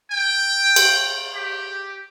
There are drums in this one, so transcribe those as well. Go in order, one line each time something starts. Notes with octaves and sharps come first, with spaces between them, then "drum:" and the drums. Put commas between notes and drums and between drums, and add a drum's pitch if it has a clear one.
G5
drum: cymbal
G4